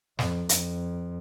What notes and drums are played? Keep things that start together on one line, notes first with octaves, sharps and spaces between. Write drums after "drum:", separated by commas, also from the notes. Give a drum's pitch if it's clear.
F2, drum: snare
F2, drum: hi-hat